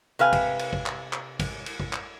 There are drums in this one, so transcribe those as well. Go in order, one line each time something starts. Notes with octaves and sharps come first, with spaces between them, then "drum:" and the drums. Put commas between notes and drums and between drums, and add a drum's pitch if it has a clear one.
C3 B4 F5 G#5
drum: kick, cymbal
drum: cymbal
drum: kick
drum: clap
drum: clap
drum: kick, cymbal
drum: cymbal
drum: kick
drum: clap